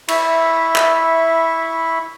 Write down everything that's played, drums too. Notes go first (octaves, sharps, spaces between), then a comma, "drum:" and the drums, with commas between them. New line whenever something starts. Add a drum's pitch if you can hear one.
E4 E5 B5 C#6, drum: cymbal
drum: clap